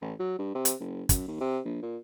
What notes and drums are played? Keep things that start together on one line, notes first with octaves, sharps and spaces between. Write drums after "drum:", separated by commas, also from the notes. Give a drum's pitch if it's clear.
A1
F#3
G2
C3
drum: hi-hat
F#1
F#2, drum: kick, hi-hat
D#2
C3
A#1
A#2